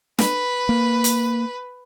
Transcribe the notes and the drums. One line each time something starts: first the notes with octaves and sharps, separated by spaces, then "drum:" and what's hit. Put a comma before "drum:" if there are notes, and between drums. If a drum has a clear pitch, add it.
B4, drum: snare
A#3
drum: hi-hat